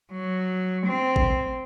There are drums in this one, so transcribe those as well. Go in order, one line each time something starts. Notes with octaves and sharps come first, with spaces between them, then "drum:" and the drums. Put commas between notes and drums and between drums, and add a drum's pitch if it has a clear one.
F#3
C4
drum: kick A1